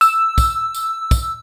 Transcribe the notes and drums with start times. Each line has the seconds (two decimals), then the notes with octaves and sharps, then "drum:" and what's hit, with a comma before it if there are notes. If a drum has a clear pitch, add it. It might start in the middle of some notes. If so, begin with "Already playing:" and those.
0.01 E6, drum: tambourine
0.38 drum: kick, tambourine
0.74 drum: tambourine
1.11 drum: kick, tambourine